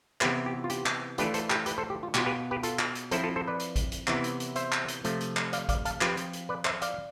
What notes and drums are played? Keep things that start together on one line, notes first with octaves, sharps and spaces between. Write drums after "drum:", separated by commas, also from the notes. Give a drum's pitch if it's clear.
C3 E3 B3 E4 G4 B4, drum: clap
G4
F4
G4, drum: hi-hat
drum: clap
E3 A3 D4 F4 G4 B4, drum: hi-hat
A4 C5, drum: hi-hat
G4 B4, drum: clap
G4 B4, drum: hi-hat
A4 C5
G4
F4
B2 B3 F4 G4, drum: clap
G4 B4
G4 B4
F4 A4, drum: hi-hat
drum: clap
drum: hi-hat
F3 C4 E4 A4 C5, drum: hi-hat
F4 A4
A4 C5
B4 D5
drum: hi-hat
drum: kick A1, hi-hat
drum: hi-hat
C3 E3 B3 E4, drum: clap
drum: hi-hat
drum: hi-hat
C5 E5, drum: hi-hat
drum: clap
drum: hi-hat
C3 F3 A3, drum: hi-hat
drum: hi-hat
drum: clap
D5 F5, drum: hi-hat
D5 F5, drum: kick A1, hi-hat
F5 A5, drum: hi-hat
F3 C4 F4 G4 B4, drum: clap
drum: hi-hat
drum: hi-hat
B4 D5
C5 E5, drum: clap
D5 F5, drum: hi-hat